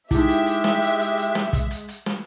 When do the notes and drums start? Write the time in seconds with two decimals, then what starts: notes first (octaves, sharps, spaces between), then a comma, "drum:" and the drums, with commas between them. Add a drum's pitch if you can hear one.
0.11 G#3 D#4 E4 G4 E5, drum: kick, hi-hat
0.29 drum: hi-hat
0.46 drum: hi-hat
0.64 drum: snare
0.82 drum: hi-hat
1.00 drum: hi-hat
1.17 drum: hi-hat
1.35 drum: snare
1.53 drum: kick, hi-hat
1.71 drum: hi-hat
1.88 drum: hi-hat
2.06 drum: snare